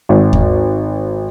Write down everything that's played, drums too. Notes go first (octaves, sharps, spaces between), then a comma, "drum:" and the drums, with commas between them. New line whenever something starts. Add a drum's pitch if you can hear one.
G#1
drum: kick D#2